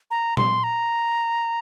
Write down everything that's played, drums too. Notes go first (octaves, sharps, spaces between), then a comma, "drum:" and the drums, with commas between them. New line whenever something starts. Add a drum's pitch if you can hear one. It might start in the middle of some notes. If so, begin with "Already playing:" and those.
A#5
C6, drum: tom
A#5